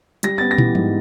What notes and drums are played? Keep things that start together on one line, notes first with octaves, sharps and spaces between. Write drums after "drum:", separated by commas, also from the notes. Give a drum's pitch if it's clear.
G3 A#6, drum: hi-hat
B3 A6
A#6
E3, drum: tom
G#2, drum: tom F3